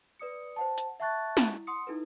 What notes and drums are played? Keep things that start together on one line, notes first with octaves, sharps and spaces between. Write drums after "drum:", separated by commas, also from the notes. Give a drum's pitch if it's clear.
B4 D5 D#6 C#7
C5 F#5 A5
drum: hi-hat
E5 F#5 A5 C#6 F#6 A6
drum: snare
E4
F#5 C6 D#6 C#7
D#4 E4 A4 B4